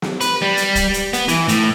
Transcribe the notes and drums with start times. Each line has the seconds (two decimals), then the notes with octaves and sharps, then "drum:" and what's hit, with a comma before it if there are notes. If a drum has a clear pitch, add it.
0.02 drum: snare
0.21 B4, drum: hi-hat
0.42 G3
0.57 drum: hi-hat
0.75 drum: kick, hi-hat
0.94 drum: hi-hat
1.13 B3, drum: hi-hat
1.28 E3, drum: hi-hat
1.48 A2, drum: hi-hat